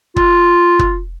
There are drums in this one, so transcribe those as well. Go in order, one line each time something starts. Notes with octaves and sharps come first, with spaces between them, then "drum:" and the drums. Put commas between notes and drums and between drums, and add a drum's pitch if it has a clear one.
F4, drum: kick
drum: kick